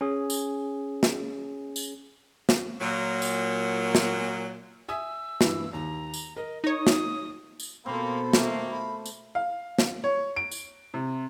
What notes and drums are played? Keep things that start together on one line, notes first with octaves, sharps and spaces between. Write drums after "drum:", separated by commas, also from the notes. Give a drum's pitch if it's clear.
C#4 G#4
drum: tambourine
drum: snare
drum: tambourine
drum: snare
A#2 F#3
drum: tambourine
drum: snare
E5 G#5 D#6 E6
G2 E3, drum: snare
D#2 A#5
drum: tambourine
A#4 D#5
D#4 C#5 D#6
drum: snare
drum: tambourine
B2 A#3 C4 A4 C5 B5
D#3 A3 A#3 F5, drum: snare
A5 B5
drum: tambourine
F5
drum: snare
C#5
D7
drum: tambourine
C3